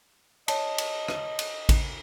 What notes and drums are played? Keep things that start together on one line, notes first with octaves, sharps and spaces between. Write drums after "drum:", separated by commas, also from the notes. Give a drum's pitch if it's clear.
C#5 D#5 A5, drum: cymbal
drum: cymbal
drum: rim click
drum: cymbal
drum: kick A1, cymbal